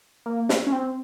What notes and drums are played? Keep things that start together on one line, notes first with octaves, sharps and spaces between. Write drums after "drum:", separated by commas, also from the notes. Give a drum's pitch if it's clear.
A#3
drum: snare
C#4
C4